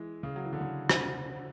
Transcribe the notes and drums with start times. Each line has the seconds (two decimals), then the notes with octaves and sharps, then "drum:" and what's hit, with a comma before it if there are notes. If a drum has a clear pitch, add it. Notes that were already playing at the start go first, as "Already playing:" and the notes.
Already playing: E3 G#3
0.23 C#3
0.36 F#3
0.44 E3
0.53 D3
0.61 C#3
0.89 drum: rim click